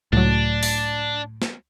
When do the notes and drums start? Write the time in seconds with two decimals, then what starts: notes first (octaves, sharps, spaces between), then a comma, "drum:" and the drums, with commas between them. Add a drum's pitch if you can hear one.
0.13 C#2 A2 F#3 D4
0.63 drum: open hi-hat
1.42 drum: snare